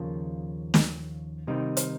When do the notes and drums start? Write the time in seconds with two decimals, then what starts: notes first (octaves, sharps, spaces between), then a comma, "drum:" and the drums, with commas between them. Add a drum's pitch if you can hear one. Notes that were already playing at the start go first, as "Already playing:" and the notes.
Already playing: D#2 C#3 F3 A#3
0.74 drum: snare
1.47 C3 D#3 G3 C4 D#4
1.77 drum: hi-hat